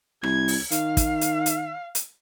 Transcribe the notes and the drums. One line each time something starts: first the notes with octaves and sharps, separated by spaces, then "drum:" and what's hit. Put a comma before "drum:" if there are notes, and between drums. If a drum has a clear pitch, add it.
C2 G#6, drum: rim click
drum: open hi-hat
D#3 F5, drum: hi-hat
drum: kick, hi-hat
drum: hi-hat
drum: hi-hat
drum: hi-hat